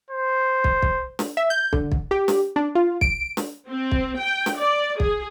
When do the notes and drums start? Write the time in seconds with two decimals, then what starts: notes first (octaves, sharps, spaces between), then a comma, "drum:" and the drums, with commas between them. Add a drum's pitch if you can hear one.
0.11 C5
0.64 drum: kick
0.83 drum: kick
1.19 drum: snare
1.37 E5
1.50 G6
1.73 D3, drum: kick
1.92 drum: kick
2.11 G4
2.28 drum: snare
2.56 D4
2.75 F4
3.01 D7, drum: kick
3.37 drum: snare
3.70 C4
3.92 drum: kick
4.18 G5
4.46 drum: snare
4.58 D5
5.00 G#4, drum: kick